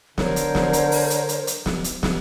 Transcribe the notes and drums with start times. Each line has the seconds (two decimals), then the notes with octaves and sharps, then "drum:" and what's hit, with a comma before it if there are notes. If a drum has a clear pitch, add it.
0.18 D3 A#4 C5 C#5, drum: snare
0.36 drum: hi-hat
0.55 drum: snare
0.73 drum: hi-hat
0.92 drum: open hi-hat
1.10 drum: hi-hat
1.29 drum: hi-hat
1.47 drum: hi-hat
1.66 drum: snare
1.84 drum: hi-hat
2.03 drum: snare